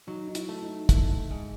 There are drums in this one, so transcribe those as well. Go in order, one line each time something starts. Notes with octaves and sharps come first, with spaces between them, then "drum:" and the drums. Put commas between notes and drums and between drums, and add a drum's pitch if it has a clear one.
F#3 D#4
D#4
E4, drum: hi-hat
A3
D#4
A3, drum: kick, hi-hat
G#2